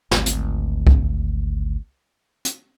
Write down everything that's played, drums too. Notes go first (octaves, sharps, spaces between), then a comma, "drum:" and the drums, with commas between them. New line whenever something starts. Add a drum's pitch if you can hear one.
G#1 D2, drum: snare
drum: hi-hat
drum: kick C2
drum: hi-hat